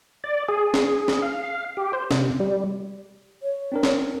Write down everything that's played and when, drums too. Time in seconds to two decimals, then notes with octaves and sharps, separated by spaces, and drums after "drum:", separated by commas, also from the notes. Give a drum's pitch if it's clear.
0.24 D5
0.48 G#4
0.74 drum: snare
1.08 drum: snare
1.22 F5
1.77 G4
1.93 C5
2.11 C3, drum: snare
2.40 G3
3.43 C#5
3.72 C4 D4 A#4
3.83 drum: snare